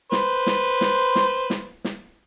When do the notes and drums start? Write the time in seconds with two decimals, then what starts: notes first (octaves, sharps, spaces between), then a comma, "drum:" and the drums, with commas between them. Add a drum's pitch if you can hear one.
0.12 B4 C5, drum: snare
0.47 drum: snare
0.81 drum: snare
1.16 drum: snare
1.50 drum: snare
1.84 drum: snare